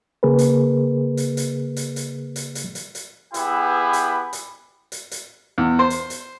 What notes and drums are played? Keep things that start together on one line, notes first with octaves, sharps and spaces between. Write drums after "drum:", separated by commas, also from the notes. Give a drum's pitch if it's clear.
C#3 A#3 G#4 A#4 B4
drum: hi-hat
drum: hi-hat
drum: hi-hat
drum: hi-hat
drum: hi-hat
drum: hi-hat
drum: hi-hat
drum: hi-hat
drum: hi-hat
B3 E4 G4 G#4 B4 G5, drum: hi-hat
drum: hi-hat
drum: hi-hat
drum: hi-hat
drum: hi-hat
E2
C5
drum: hi-hat
drum: hi-hat